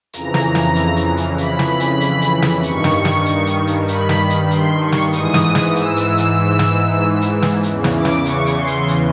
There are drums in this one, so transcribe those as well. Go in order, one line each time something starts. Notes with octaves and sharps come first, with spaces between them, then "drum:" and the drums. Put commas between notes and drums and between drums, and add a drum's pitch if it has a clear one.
F2 C#3 E3 A#5, drum: hi-hat
drum: snare
drum: snare
drum: hi-hat
drum: hi-hat
drum: hi-hat
B5, drum: hi-hat
drum: snare
B5
drum: hi-hat
drum: hi-hat
drum: hi-hat
drum: snare
G2 D#3 C#6, drum: hi-hat
drum: snare
drum: snare
drum: hi-hat
drum: hi-hat
drum: hi-hat
B5, drum: hi-hat
drum: snare
drum: hi-hat
C6, drum: hi-hat
C#6
drum: snare
G#2 E3 D#6, drum: hi-hat
drum: snare
drum: snare
E6, drum: hi-hat
drum: hi-hat
drum: hi-hat
drum: snare
drum: hi-hat
drum: snare
E2 C#3 E3, drum: hi-hat
drum: snare
D6
drum: snare
C#6, drum: hi-hat
drum: hi-hat
C6
drum: hi-hat
drum: hi-hat